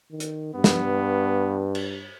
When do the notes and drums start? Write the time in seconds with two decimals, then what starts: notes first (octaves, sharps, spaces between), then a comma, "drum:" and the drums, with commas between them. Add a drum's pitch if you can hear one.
0.11 D#3
0.20 drum: hi-hat
0.55 G2 B3
0.64 drum: snare
1.75 drum: cymbal